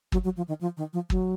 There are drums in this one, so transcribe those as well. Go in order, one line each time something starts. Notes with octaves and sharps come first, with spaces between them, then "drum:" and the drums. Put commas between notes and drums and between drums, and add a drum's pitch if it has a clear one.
F#3, drum: kick
F#3
F3
D#3
F3
D#3
F3
F#3, drum: kick